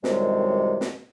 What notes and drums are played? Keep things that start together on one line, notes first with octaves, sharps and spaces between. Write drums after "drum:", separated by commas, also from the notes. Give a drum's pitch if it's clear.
F#2 A2 C3 D#3 G3 G#3, drum: snare
drum: snare